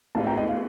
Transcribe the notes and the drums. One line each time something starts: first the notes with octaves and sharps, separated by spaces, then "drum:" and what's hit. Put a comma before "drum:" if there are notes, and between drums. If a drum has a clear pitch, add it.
A2 F5 A5, drum: cymbal
G5 A#5
A3 D#5 G5
F5